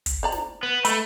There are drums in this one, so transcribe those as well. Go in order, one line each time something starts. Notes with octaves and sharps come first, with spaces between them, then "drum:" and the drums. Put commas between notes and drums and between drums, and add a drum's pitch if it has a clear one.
drum: kick, hi-hat
C5 D5 A#5
drum: snare
B3
A3 B5, drum: hi-hat